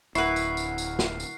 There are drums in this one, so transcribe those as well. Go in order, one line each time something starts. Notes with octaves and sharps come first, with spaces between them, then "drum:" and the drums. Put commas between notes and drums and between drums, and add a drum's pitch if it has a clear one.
D1 E4 A#4 B4 F#5 C#6 C7, drum: tambourine
drum: tambourine
drum: tambourine
drum: tambourine
drum: snare
drum: tambourine